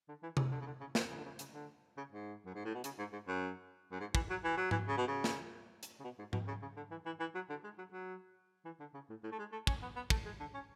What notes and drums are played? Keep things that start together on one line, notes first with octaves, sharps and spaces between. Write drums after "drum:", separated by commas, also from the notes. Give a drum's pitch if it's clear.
D3
E3
C#3, drum: tom C3
D3
C#3
D3
C#3
B2, drum: snare
C#3
D3
C#3
C#3, drum: hi-hat
D3
C#3
G#2
F#2
G#2
A2
B2
C#3, drum: hi-hat
G#2
G#2
F#2
F#2
G#2
E3, drum: kick
F#3
E3
F#3
E3, drum: tom G#2
C#3
B2
C#3
drum: snare
drum: hi-hat
C#3
B2
G#2
B2, drum: tom G#2
C#3
C#3
D3
E3
E3
E3
F#3
D3
G#3
F#3
F#3
E3
D3
C#3
A2
A2
A3
G#3
A3
C#4, drum: kick
B3
B3
A3, drum: kick
G#3
D3
C#4